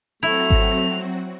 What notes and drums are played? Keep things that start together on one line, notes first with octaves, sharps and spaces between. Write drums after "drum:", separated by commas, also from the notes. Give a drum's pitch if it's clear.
F#3 A3 C4 E4 F#4 F7
drum: kick G#1